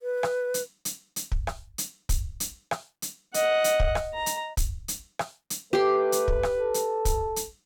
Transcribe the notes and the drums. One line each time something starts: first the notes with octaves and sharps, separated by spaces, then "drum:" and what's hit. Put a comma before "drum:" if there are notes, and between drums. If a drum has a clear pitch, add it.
B4
drum: rim click
drum: hi-hat
drum: hi-hat
drum: hi-hat
drum: kick
drum: rim click
drum: hi-hat
drum: kick, hi-hat
drum: hi-hat
drum: rim click
drum: hi-hat
D#5 F#5, drum: hi-hat
drum: hi-hat
drum: kick
drum: rim click
A#5
drum: hi-hat
drum: kick, hi-hat
drum: hi-hat
drum: rim click
drum: hi-hat
A3 G4 B4 C6
drum: hi-hat
drum: kick
drum: rim click
A4
drum: hi-hat
drum: kick, hi-hat
drum: hi-hat